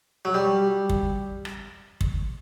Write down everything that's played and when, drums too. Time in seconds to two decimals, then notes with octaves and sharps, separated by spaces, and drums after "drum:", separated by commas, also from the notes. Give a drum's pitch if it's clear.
0.25 F#3
0.34 G3
0.89 drum: kick
1.45 drum: rim click
2.01 drum: kick